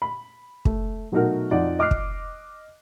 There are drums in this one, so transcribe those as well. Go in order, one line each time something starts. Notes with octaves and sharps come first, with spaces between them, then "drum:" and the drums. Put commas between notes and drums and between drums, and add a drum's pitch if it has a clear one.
B5
A3, drum: kick
B2 F#3 A3 D#4 F#4 A#4
F2 D#4 F4 D5 F#5
D#5 D6 F6 F#6 C7
drum: kick